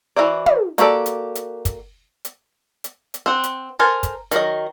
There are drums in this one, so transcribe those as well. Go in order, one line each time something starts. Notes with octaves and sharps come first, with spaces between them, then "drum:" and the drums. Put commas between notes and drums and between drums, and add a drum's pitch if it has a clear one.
E3 B3 F#4 C5 D5
drum: tom
A#3 F#4 G4 A4 D5, drum: hi-hat
drum: hi-hat
drum: hi-hat
drum: kick, hi-hat
drum: hi-hat
drum: hi-hat
drum: hi-hat
C4 F#5
drum: hi-hat
A4 A#4 C5 G#5
drum: kick, hi-hat
D#3 F#3 D#5, drum: hi-hat